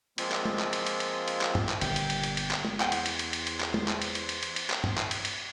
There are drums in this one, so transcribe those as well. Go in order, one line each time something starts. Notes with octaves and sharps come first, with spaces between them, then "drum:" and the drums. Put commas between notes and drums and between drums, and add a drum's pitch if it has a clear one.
F3 G#3 A#3 C4 F4, drum: cymbal
drum: clap
drum: tom
drum: clap
drum: cymbal
drum: cymbal
drum: cymbal
drum: cymbal
drum: clap
drum: tom G2
drum: clap
G1 A#2 G4, drum: cymbal
drum: cymbal
drum: cymbal
drum: cymbal
drum: cymbal
drum: clap
drum: tom
E2 C5 F#5 G5 C6, drum: clap
drum: cymbal
drum: cymbal
drum: cymbal
drum: cymbal
drum: cymbal
drum: clap
drum: tom
drum: clap
drum: cymbal
drum: cymbal
drum: cymbal
drum: cymbal
drum: cymbal
drum: clap
drum: tom G2
drum: clap
drum: cymbal
drum: cymbal